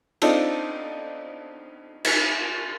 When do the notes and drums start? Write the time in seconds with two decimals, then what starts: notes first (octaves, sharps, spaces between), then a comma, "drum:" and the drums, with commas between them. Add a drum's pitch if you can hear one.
0.22 C4 D4 D#4 F4 A4, drum: cymbal
2.05 drum: cymbal